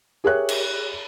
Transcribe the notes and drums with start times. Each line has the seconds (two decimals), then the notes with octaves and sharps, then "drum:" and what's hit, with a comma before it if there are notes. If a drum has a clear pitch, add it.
0.24 G4 G#4 A#4 C#5 E5 F#6
0.49 drum: cymbal